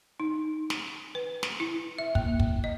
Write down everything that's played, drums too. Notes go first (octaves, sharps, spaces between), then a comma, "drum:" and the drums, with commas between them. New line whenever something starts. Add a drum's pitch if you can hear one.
D#4
drum: snare
B4
drum: snare
E4
E5
A#3, drum: kick
drum: kick
D#5